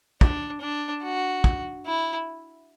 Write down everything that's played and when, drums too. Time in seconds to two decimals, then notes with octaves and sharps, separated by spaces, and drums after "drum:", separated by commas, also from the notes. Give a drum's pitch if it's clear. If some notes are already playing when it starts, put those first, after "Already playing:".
0.21 D4, drum: kick
0.61 D4
1.03 F#4
1.44 drum: kick
1.86 E4